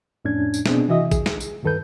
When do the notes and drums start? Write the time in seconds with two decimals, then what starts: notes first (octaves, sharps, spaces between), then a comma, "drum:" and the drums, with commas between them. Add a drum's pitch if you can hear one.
0.25 F2 A2 C#4 D4 G#6
0.54 drum: tambourine
0.66 B2 B3 C4 D4 G#4, drum: snare
0.88 C3 E3 F#4 D#5 E5 D#6
1.12 G#4, drum: kick, tambourine
1.26 drum: snare
1.40 drum: tambourine
1.63 D2 G2 D#3 A4 B4 G6